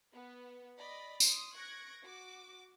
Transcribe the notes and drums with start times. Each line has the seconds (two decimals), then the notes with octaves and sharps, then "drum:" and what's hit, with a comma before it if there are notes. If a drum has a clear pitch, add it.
0.12 B3
0.78 D5 D#5 B5
1.20 C6 D#6, drum: tambourine
1.53 C#6 F#6 G#6 A#6 D7
2.03 F#4 D6